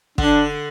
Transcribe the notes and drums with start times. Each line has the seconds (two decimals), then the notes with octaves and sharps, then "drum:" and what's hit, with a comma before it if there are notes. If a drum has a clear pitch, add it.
0.18 D3 D4, drum: kick